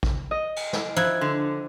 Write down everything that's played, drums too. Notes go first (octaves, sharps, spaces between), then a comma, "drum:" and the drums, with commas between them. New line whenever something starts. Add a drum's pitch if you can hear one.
drum: kick
D#5
drum: cymbal
drum: snare
F3 D#4 E4 F#6 G#6
D3